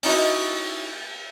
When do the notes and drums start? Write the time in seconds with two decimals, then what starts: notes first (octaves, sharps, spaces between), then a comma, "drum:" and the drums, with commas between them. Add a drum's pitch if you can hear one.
0.03 C#4 D#4 E4 F#4 D#5, drum: open hi-hat